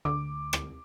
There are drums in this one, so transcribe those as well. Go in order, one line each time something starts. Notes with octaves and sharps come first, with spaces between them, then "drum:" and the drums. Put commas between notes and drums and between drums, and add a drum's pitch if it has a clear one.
D2 D6
drum: rim click